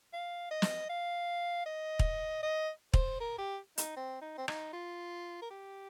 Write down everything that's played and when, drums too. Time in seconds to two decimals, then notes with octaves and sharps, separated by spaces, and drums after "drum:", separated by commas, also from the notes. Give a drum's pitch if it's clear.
0.13 F5
0.51 D#5
0.62 drum: snare
0.89 F5
1.66 D#5
1.99 drum: kick
2.43 D#5
2.94 C5, drum: kick
3.20 A#4
3.38 G4
3.78 D#4, drum: hi-hat
3.97 C4
4.21 D#4
4.38 C4
4.48 D#4, drum: rim click
4.73 F4
5.42 A#4
5.51 G4